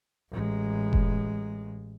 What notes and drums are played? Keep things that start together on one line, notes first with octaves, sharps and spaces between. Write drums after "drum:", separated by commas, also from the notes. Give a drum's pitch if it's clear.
A1 G#3
drum: kick F1